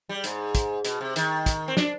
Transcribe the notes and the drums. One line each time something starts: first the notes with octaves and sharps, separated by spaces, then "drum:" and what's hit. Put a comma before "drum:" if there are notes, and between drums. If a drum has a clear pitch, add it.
G3
G#2, drum: hi-hat
drum: kick, hi-hat
B2, drum: hi-hat
C3
D#3, drum: hi-hat
drum: kick, hi-hat
C4
D4, drum: snare